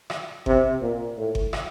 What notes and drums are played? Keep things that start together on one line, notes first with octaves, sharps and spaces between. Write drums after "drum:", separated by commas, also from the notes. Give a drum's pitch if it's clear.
drum: rim click
C3, drum: kick G1
A#2
A2
drum: kick G1
drum: rim click